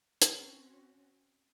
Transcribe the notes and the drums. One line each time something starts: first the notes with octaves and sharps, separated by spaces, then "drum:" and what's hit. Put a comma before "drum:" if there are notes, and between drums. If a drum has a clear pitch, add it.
C4 C#4 F#4, drum: hi-hat